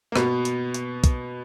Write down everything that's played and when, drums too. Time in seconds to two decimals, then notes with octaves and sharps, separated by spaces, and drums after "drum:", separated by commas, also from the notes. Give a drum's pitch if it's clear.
0.12 A#3
0.16 B2 B3, drum: rim click
0.45 drum: hi-hat
0.74 drum: hi-hat
1.04 drum: kick, hi-hat